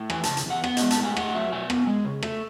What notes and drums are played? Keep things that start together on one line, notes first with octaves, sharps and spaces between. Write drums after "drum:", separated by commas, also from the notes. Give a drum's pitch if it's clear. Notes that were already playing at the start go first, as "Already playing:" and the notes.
Already playing: A2
E3 G#5, drum: rim click
C#3 A5, drum: hi-hat
drum: hi-hat
E2 F#5
B3 F#5, drum: rim click
G#3 D#5, drum: hi-hat
A5, drum: hi-hat
A2 G#5
A3 F#5, drum: rim click
F#3 E5
B2 G#5
B3, drum: rim click
G#3
C#3
A3, drum: rim click